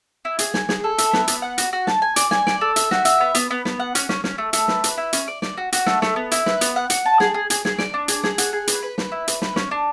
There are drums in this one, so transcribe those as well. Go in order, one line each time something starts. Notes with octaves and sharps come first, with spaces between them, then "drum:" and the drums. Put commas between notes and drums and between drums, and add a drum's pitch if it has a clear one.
E4
G#4, drum: hi-hat
G#5, drum: snare
G#4, drum: snare
A4
E5, drum: hi-hat
B3, drum: snare
B3, drum: hi-hat
F#5
F#4, drum: hi-hat
F#4
A5, drum: snare
G#5
D5, drum: hi-hat
G#5, drum: snare
D5, drum: snare
A4
E5, drum: hi-hat
F#4, drum: snare
E5, drum: hi-hat
B3
B3, drum: hi-hat
B3
B3, drum: snare
F#5
C#4, drum: hi-hat
C#4, drum: snare
C#4, drum: snare
A3
A3, drum: hi-hat
B4, drum: snare
B4, drum: hi-hat
E4
C#4, drum: hi-hat
D5
D5, drum: snare
F#4
F#4, drum: hi-hat
A3, drum: snare
A3, drum: snare
B3
E4, drum: hi-hat
B4, drum: snare
B3, drum: hi-hat
F#5
F#5, drum: hi-hat
A5
G#4, drum: snare
G#4
G#4, drum: hi-hat
G#4, drum: snare
D5, drum: snare
D4
G#4, drum: hi-hat
G#4, drum: snare
F#5, drum: hi-hat
G#4
B4, drum: hi-hat
B4
B4, drum: snare
E4
B4, drum: hi-hat
B4, drum: snare
C#4, drum: snare
D4